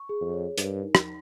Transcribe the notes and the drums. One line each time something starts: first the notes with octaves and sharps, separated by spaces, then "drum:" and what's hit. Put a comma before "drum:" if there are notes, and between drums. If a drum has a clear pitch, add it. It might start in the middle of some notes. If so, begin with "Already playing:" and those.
Already playing: C#6
G#4
F2
C#5
G2 A#4, drum: hi-hat
D#4
drum: rim click